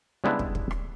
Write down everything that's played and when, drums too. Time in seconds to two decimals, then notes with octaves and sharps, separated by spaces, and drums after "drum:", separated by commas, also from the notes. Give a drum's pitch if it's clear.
0.24 C#3 G3 G#3 B3 D4 E4
0.39 drum: kick
0.55 drum: kick
0.71 drum: rim click